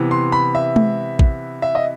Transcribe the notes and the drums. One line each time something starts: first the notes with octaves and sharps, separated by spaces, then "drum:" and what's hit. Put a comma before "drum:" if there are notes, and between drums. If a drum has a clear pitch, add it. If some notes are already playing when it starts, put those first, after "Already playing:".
Already playing: C3 E3 B3
C6
B5
E5
drum: tom G#3
drum: kick A#1
E5
D#5